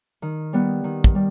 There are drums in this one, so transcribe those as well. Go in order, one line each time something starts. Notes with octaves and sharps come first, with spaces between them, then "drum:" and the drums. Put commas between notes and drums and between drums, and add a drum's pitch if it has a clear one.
D#3
G3 B3
D#3
drum: kick
G3